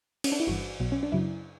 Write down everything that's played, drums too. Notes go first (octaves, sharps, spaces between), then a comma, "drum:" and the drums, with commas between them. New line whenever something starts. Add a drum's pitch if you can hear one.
C#4, drum: cymbal
D4
E4
G1 G2 E3 F#4
B1 B2 F#3
C#4
D4
F#2 C#3 F#3 E4